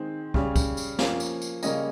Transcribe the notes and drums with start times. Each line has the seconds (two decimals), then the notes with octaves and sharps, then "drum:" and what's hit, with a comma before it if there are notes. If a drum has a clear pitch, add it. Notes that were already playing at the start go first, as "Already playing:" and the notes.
Already playing: D#3 G#3 C4
0.34 C#3 G3 C#4, drum: kick
0.56 drum: kick, tambourine
0.77 drum: tambourine
0.99 F3 A#3 C#4 F5, drum: snare
1.20 drum: tambourine
1.42 drum: tambourine
1.63 C#3 G3 A#3 C#4 D#5, drum: tambourine